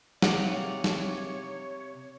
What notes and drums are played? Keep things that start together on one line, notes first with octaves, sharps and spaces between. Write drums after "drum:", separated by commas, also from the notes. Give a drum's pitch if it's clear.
C3 C#5 D5 F5 F#5, drum: snare
drum: snare